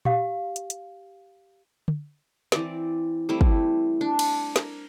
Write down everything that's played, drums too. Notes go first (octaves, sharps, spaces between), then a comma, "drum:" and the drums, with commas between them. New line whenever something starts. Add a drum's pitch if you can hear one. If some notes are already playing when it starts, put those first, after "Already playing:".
G4 F5, drum: tom A#2
drum: hi-hat
drum: hi-hat
drum: tom
E3 C4 D5, drum: snare
G3 A3 C4 E4
drum: kick
D4
drum: cymbal
A#4, drum: snare